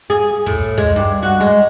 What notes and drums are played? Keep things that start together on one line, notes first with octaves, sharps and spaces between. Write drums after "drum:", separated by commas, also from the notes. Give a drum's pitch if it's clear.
G#4
A2, drum: kick, hi-hat
drum: hi-hat
G#3, drum: kick, open hi-hat
G2, drum: open hi-hat
F#4
G#3